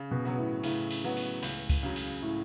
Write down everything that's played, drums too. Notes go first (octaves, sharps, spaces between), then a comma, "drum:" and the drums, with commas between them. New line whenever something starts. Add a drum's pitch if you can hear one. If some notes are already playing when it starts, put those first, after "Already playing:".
Already playing: C#3
B2
F#3 B3 F#4
A2
A2 C#3, drum: cymbal
drum: cymbal
F#3 B3 F#4
drum: cymbal
C#2, drum: cymbal
drum: kick C#2, cymbal
C#3 F#3
drum: cymbal
A2